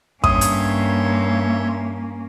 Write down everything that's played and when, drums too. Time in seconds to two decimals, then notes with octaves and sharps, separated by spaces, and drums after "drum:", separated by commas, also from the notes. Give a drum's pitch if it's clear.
0.24 G2 A#3 C#4 C#5 E5 C6 D#6, drum: kick
0.41 drum: hi-hat